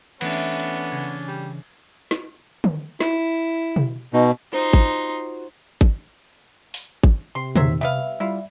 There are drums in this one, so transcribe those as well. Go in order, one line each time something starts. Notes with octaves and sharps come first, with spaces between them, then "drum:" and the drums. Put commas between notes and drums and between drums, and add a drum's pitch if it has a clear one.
E3 A3 B3 C#4 D4, drum: cymbal
drum: hi-hat
C#3 G#6 A#6
G3
drum: snare
drum: tom D3
E4, drum: snare
drum: tom B2
B2 D#4
D#4 F4 F#4 C5 C6
drum: kick G#1
drum: kick G#1
drum: open hi-hat
drum: kick G#1
C3 C6
E2 A#2 D#3 F#3 C5 E5, drum: tom C3
G3 B3 E5 F5
G3 E4 F4